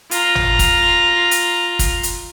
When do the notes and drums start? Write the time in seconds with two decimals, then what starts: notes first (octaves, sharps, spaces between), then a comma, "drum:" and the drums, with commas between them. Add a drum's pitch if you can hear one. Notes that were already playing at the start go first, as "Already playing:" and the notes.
0.11 F4 A#5, drum: hi-hat
0.35 drum: tom
0.59 drum: kick, hi-hat
1.31 drum: hi-hat
1.79 drum: kick, hi-hat
2.03 drum: hi-hat